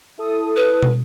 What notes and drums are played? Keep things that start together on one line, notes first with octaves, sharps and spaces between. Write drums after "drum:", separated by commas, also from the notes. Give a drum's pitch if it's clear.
E4 A4 D#6
B4
drum: tom